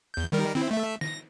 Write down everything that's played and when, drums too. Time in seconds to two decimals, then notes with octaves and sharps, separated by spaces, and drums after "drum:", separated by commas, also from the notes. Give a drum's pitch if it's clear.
0.14 E2 G6
0.32 D#3 G3 A#4
0.55 C4 E4, drum: snare
0.71 A3 E5
1.01 A#6, drum: snare